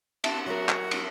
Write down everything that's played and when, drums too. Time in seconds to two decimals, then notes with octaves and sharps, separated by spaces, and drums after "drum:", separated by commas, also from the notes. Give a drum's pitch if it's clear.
0.24 E5 A5, drum: cymbal
0.46 F#3 F#4 A#4
0.69 drum: clap
0.91 drum: cymbal